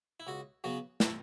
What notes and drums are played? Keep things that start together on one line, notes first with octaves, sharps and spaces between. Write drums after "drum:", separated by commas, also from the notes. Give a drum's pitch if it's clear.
E4
C#2 F#4
C#3 F#3 B3 F#4
E4, drum: snare